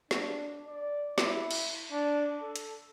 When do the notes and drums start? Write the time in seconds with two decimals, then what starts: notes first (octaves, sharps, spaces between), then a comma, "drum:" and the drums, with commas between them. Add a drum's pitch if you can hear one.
0.11 D4, drum: snare
0.67 D5
1.18 E4, drum: snare
1.51 drum: cymbal
1.92 D4
2.42 A4
2.56 drum: hi-hat